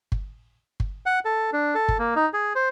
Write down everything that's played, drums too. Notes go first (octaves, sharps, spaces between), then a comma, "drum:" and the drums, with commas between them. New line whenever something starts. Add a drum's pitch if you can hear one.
drum: kick G1
drum: kick G1
F#5
A4
D4
A4
drum: kick G1
A#3
D#4
G#4
C5